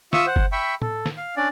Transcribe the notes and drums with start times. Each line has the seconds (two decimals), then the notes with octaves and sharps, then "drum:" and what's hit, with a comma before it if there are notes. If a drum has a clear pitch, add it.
0.13 F4 E5 C#6 D#6 E6, drum: snare
0.27 C5 F#5
0.36 drum: kick
0.52 E5 G5 B5 C#6
0.82 A4, drum: tom A2
1.06 drum: snare
1.17 F5
1.37 C#4 D4 D5